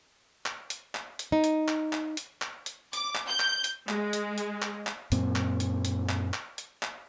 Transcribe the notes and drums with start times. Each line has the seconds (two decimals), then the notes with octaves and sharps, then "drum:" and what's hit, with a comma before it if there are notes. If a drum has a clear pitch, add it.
0.46 drum: clap
0.70 drum: hi-hat
0.95 drum: clap
1.19 drum: hi-hat
1.32 D#4
1.44 drum: hi-hat
1.68 drum: clap
1.93 drum: clap
2.17 drum: hi-hat
2.42 drum: clap
2.66 drum: hi-hat
2.93 D6, drum: hi-hat
3.15 drum: clap
3.29 G6
3.40 drum: clap
3.64 drum: hi-hat
3.89 G#3, drum: clap
4.13 drum: hi-hat
4.38 drum: hi-hat
4.62 drum: clap
4.87 drum: clap
5.12 F#2 A#2 C4, drum: hi-hat
5.36 drum: clap
5.60 drum: hi-hat
5.85 drum: hi-hat
6.09 drum: clap
6.34 drum: clap
6.58 drum: hi-hat
6.83 drum: clap